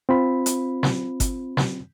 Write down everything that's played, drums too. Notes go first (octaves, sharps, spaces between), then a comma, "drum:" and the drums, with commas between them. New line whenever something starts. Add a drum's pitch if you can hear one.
C4 F4 B5
drum: hi-hat
drum: snare
drum: kick G1, hi-hat
drum: snare